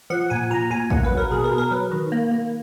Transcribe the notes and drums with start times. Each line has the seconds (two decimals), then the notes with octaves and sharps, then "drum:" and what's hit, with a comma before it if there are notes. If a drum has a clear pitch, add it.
0.10 F3 F#5
0.30 A#2 G#5
0.50 A#2 A#5
0.71 A#2 G#5
0.90 A#3 F#5, drum: kick
1.04 B4
1.11 F#3
1.17 A#4
1.31 B2 G#4
1.44 A#4
1.51 B2
1.58 A#4
1.71 F#3 B4
1.91 D#3
2.12 A#3
2.31 A#3